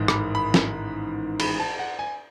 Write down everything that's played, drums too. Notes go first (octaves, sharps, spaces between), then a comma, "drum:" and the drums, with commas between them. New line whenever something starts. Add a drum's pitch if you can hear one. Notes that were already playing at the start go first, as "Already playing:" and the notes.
Already playing: A1 G#2 D#3
B5, drum: rim click
B5
drum: snare
B5, drum: cymbal
A5
F#5
G#5